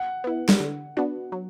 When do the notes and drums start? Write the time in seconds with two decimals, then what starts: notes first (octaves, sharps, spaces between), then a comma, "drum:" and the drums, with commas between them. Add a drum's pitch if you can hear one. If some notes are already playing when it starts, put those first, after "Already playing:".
Already playing: F#5
0.24 B3 E4
0.49 drum: snare
0.60 D3
0.97 B3 D4 F#4
1.32 F#3